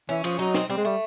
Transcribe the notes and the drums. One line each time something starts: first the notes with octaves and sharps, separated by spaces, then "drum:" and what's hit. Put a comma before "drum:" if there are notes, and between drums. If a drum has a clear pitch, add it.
E3 C#4
F3 G#4, drum: cymbal
F#3 D#4
C4, drum: snare
G3 C4
G#3
G3 A3